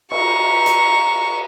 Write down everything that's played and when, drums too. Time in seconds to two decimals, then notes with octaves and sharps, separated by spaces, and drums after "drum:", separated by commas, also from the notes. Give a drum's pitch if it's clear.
0.11 A#5 C#6, drum: cymbal
0.66 drum: hi-hat